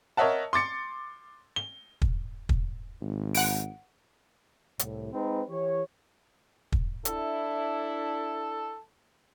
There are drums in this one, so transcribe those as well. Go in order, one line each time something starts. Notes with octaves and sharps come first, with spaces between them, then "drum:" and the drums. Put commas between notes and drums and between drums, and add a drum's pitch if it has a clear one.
A#4 C#5 D#5 E5 F#5 A5
C6 D6 A6 C#7
G7
drum: kick
drum: kick
G#1
F#5 D7, drum: open hi-hat
C2 A2, drum: hi-hat
G#3 C4 D#4 B4
E3 G4 C#5
drum: kick
D4 E4 A4, drum: hi-hat